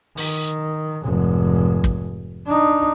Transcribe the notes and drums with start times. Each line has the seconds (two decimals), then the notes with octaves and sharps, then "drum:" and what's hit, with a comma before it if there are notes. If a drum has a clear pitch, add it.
0.17 D#3, drum: open hi-hat
1.04 F1 G#2
1.84 drum: kick
2.47 D4 D#4